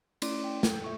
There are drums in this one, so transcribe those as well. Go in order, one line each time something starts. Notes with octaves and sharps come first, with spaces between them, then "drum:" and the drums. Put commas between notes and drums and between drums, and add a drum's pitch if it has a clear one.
A3 C#4 E4 D5 C6 D6, drum: cymbal
G5
A4, drum: snare
E5 C#6